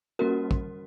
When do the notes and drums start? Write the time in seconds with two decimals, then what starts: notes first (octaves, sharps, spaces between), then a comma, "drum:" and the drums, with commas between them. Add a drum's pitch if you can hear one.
0.19 G3 A#3 C#4 F#4 A#4
0.51 drum: kick